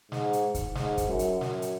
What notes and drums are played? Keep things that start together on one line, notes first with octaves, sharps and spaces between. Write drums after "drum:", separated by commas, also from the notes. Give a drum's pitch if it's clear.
G#2, drum: snare
drum: hi-hat
drum: kick, hi-hat
G#2, drum: snare
drum: kick, hi-hat
F#2
drum: hi-hat
F#2, drum: snare
drum: hi-hat